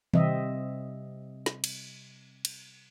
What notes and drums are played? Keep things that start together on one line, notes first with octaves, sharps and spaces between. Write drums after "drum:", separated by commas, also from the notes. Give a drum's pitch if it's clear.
C3 G3 C4 D#5 E5, drum: tom D#3
drum: snare
drum: cymbal
drum: cymbal